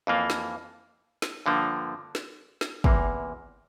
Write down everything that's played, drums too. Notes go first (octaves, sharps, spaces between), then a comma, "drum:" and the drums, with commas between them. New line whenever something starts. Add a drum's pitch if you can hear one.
F2 E3 A#3 F4
drum: snare
drum: snare
G2 D3 F3 A#3
drum: snare
drum: snare
E2 C3 E3 A#3, drum: kick